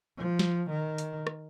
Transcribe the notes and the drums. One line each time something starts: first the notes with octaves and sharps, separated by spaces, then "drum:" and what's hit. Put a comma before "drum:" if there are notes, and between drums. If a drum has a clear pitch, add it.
F3
drum: snare
D#3
drum: hi-hat
drum: rim click